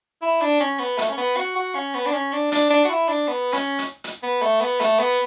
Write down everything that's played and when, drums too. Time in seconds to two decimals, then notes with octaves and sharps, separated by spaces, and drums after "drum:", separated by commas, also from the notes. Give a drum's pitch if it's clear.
0.22 E4
0.42 D4
0.61 C#4
0.79 B3
0.98 A3, drum: hi-hat
1.09 C#4
1.18 B3
1.37 F#4
1.56 F#4
1.75 C#4
1.95 B3
2.06 D4
2.13 C#4
2.33 D4
2.52 D4, drum: hi-hat
2.71 D4
2.85 F#4
2.90 E4
3.09 D4
3.28 B3
3.53 C#4, drum: hi-hat
3.79 drum: hi-hat
4.04 drum: hi-hat
4.23 B3
4.42 A3
4.62 B3
4.81 A3, drum: hi-hat
5.00 B3